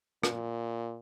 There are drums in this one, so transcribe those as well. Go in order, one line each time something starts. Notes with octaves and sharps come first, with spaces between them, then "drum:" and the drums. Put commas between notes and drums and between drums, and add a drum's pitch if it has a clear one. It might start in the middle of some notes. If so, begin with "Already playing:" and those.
A#2, drum: rim click